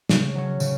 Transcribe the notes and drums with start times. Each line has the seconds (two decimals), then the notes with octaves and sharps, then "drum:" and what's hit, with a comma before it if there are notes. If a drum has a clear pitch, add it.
0.09 C#3, drum: snare
0.35 F#3 C#4
0.60 C#3, drum: tambourine